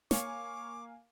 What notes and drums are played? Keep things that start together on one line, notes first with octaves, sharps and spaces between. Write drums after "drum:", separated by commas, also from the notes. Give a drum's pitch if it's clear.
A#3 C#5 F5 G#5 D6, drum: snare